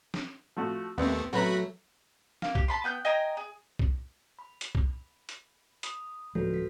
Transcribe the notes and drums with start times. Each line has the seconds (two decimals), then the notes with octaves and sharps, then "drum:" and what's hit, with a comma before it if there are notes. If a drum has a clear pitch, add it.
0.14 drum: snare
0.57 F3 A3 F#4
0.98 D#2 A3 B3 C4
1.33 B1 F#3 A3 F#4 B4 A#5 B5
2.42 A#3, drum: snare
2.55 G4, drum: kick B1
2.68 A5 B5 C6
2.84 B3 G5 F#6 G6
3.05 D#5 G5 G#5 A#5
3.37 G#4
3.79 drum: kick B1
4.39 B5
4.61 drum: hi-hat
4.75 drum: kick B1
5.29 drum: hi-hat
5.83 B5 D#6, drum: hi-hat
6.35 D1 F3 G#3 F#4 A4 B4
6.54 B6